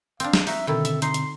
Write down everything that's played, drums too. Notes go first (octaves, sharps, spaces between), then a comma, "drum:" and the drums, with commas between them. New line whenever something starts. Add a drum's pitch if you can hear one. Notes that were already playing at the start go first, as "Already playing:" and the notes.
C4 D4 F5, drum: hi-hat
drum: snare
D#4 F#4 E5, drum: open hi-hat
B2 D3 D#3 C4 E4 A4
E5, drum: hi-hat
D#4 C6, drum: hi-hat
drum: hi-hat